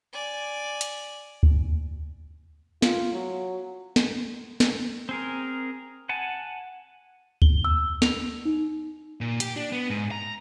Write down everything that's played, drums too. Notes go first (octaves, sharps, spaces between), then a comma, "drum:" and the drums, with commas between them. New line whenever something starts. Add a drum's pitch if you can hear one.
D5 G#5
drum: hi-hat
drum: kick D2
F4, drum: snare
F#3
drum: snare
drum: snare
C4 G#4 A#4
F#5 G#5 A5
G7, drum: kick D2
E6
F7, drum: snare
D#4
A#2
G4, drum: hi-hat
D4
B3
G#2
A#5